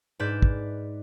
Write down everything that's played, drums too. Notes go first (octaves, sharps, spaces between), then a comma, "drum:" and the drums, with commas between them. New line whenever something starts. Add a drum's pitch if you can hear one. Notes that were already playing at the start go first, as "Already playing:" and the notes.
G#2 B4 D5 G6 E7
drum: kick